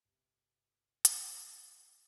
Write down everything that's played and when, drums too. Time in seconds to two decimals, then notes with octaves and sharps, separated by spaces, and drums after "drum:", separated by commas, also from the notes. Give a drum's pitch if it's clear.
0.05 G1 C3
1.05 drum: hi-hat